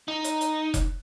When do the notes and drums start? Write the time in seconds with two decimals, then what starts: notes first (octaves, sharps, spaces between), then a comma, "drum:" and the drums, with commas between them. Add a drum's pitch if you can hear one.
0.08 D#4
0.24 drum: hi-hat
0.41 drum: hi-hat
0.74 drum: kick F1, hi-hat